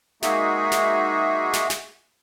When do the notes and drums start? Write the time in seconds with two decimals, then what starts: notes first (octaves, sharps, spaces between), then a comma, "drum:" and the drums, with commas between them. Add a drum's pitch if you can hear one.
0.23 G#3 A#3 D#4 F#4 G#4 E5, drum: snare
0.72 drum: snare
1.54 drum: snare
1.70 drum: snare